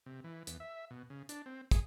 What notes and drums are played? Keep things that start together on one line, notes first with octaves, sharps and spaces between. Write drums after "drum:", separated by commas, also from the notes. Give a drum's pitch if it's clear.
C3
E3
E2, drum: hi-hat
E5
B2
C#3
D4, drum: hi-hat
C4
G#4, drum: kick, hi-hat